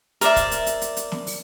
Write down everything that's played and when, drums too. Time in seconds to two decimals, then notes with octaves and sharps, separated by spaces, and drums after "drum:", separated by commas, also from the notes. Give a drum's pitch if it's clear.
0.21 A#4 C5 D5 E5, drum: hi-hat
0.36 drum: kick, hi-hat
0.51 drum: hi-hat
0.66 drum: hi-hat
0.82 drum: hi-hat
0.97 drum: hi-hat
1.12 drum: snare
1.27 drum: open hi-hat